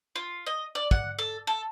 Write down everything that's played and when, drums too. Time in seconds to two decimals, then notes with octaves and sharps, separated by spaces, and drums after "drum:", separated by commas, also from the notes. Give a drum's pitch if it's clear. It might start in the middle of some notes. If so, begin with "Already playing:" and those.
0.16 F4
0.47 D#5
0.75 D5
0.91 F#5, drum: kick
1.19 A4
1.47 A4